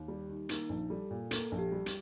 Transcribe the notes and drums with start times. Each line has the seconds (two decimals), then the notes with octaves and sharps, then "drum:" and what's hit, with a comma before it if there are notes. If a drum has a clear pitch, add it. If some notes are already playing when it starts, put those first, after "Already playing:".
Already playing: D#2
0.08 G3
0.29 D#3
0.49 A#3 D#4, drum: hi-hat
0.69 A#1
0.90 G3 A4
1.11 A#2
1.31 A#3 A4, drum: hi-hat
1.52 A#1
1.58 G4
1.72 G3
1.86 drum: hi-hat